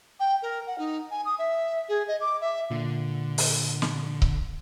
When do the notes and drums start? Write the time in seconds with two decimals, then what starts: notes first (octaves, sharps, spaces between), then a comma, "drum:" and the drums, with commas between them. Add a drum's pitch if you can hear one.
0.20 G5
0.42 A#4
0.67 F#5
0.78 D#4
1.11 G#5
1.25 D#6
1.39 E5
1.89 G#4
2.07 D#5
2.21 D6
2.41 E5
2.71 A#2 D3
3.38 drum: open hi-hat
3.82 drum: snare
4.22 drum: kick C#1